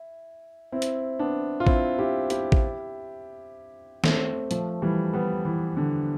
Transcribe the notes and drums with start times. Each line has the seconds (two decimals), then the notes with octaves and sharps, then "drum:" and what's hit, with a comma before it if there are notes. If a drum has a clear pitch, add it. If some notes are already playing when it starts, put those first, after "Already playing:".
Already playing: E4
0.72 C4 E4
0.82 drum: hi-hat
1.19 B3 D4
1.60 F4
1.67 C4 E4, drum: kick A1
1.99 E4 G4
2.30 E4 G4, drum: hi-hat
2.52 drum: kick A1
4.04 A3 C4, drum: snare
4.51 F3 A3, drum: hi-hat
4.82 E3 G3
5.13 G3 B3
5.45 E3
5.77 D3